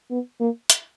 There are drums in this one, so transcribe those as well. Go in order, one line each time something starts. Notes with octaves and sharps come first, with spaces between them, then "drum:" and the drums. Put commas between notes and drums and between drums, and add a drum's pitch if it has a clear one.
B3
A#3
drum: hi-hat